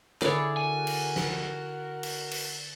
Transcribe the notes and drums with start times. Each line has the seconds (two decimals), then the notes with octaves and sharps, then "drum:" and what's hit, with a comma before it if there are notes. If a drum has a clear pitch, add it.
0.22 D3 E4 G#4 C#5 D5, drum: clap
0.57 F#4 A#4 G#5
0.87 drum: cymbal
1.16 drum: snare
2.03 drum: cymbal
2.31 drum: cymbal